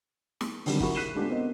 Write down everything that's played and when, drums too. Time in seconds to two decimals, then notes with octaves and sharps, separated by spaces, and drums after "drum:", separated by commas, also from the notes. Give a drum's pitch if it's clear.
0.41 drum: snare
0.66 D3 D#3 F#3 G3 A#3 C4, drum: open hi-hat
0.80 E4 F#4 G#4 A#4 B5 C#6, drum: kick
0.95 F#6 B6 C7 D#7 E7 G7
1.15 G#3 A3 B3 D4 F4 G4
1.28 B3 C4 A#4 C5 D#5